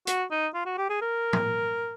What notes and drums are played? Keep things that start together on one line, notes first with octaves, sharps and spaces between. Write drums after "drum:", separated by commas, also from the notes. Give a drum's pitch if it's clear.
F#4, drum: hi-hat
D#4
F4
F#4
G4
G#4
A#4
drum: tom